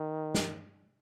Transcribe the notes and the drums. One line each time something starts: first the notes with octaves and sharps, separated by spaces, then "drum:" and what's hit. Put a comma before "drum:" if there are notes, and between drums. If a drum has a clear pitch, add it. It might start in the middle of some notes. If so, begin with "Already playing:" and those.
Already playing: D#3
drum: snare